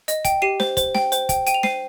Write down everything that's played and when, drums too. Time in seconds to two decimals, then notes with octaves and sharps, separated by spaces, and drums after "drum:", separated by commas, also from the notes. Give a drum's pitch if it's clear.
0.08 D#5, drum: hi-hat
0.25 G5, drum: kick, hi-hat
0.42 G4 C7 D#7
0.60 C5, drum: snare
0.77 C5, drum: kick, hi-hat
0.95 G5, drum: snare
1.12 C5, drum: hi-hat
1.29 G5, drum: kick, hi-hat
1.47 G5 D#7, drum: hi-hat
1.54 F7
1.63 C5 C7 D#7, drum: snare